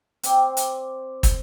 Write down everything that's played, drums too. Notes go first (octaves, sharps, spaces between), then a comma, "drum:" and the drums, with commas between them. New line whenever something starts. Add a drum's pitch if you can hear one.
C4 D5 G5, drum: hi-hat
drum: hi-hat
drum: kick, hi-hat